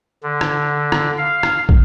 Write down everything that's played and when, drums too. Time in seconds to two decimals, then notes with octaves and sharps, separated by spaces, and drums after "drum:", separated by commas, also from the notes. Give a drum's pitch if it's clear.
0.23 D3
0.41 drum: rim click
0.92 drum: rim click
1.18 F5
1.43 drum: rim click
1.69 drum: kick